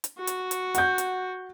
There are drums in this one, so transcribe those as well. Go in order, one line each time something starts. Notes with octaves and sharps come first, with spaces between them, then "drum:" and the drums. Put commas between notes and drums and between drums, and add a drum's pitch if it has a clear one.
drum: hi-hat
F#4
drum: hi-hat
drum: hi-hat
F#5 G6, drum: hi-hat
drum: hi-hat